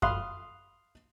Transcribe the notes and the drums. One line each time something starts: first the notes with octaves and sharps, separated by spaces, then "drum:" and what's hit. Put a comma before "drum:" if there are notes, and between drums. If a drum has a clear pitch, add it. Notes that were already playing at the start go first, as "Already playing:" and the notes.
F5 B5 C6 D#6 F#6, drum: kick F#2